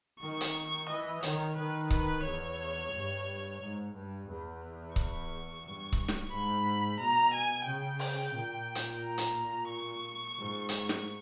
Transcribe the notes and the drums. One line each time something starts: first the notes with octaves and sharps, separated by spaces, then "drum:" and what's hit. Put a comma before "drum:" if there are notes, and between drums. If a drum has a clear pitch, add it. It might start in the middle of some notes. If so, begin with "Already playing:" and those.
D#3 C#6
drum: hi-hat
E3 D#5
D#3 C#5, drum: hi-hat
D#3 B4
B4, drum: kick C#1
E2 C#5
G2
G#2
G2
E2
C#6, drum: kick C#1
G2
drum: kick C#1
drum: snare
G#2 B5
B2 A#5
G#5
C#3 G5
drum: open hi-hat
A#2
drum: hi-hat
A#5
drum: hi-hat
C#6
G#2
drum: hi-hat
drum: snare